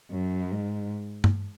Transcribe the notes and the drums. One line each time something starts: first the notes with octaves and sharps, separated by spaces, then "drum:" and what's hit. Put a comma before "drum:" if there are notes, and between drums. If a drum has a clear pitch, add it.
F#2
G#2
drum: tom G2